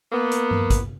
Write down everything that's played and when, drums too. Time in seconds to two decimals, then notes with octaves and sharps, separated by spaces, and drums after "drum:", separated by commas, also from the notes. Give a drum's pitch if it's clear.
0.12 A#3 B3
0.31 drum: hi-hat
0.51 drum: tom G2
0.70 drum: kick, hi-hat